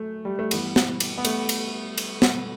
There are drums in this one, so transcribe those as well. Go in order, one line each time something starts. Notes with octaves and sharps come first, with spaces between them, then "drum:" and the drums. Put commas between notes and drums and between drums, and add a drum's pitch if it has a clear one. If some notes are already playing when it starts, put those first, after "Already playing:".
Already playing: F#2 A3
G3
A3
G2 E3 B3, drum: cymbal
drum: snare
drum: cymbal
B3
A3, drum: cymbal
drum: cymbal
drum: cymbal
drum: snare